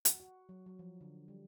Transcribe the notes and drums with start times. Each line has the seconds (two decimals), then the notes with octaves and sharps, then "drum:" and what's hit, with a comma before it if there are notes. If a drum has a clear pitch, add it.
0.05 F#4, drum: hi-hat
0.20 F#4
0.49 F#3
0.66 F#3
0.79 F3
1.01 D3
1.28 G3